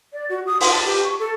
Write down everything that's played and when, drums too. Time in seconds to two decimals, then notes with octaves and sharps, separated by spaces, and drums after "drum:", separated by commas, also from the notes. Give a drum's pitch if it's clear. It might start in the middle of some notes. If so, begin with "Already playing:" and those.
0.13 D5
0.29 F#4
0.47 D#6
0.61 C6, drum: open hi-hat
0.72 A5
0.85 G4
1.04 C#6
1.19 A4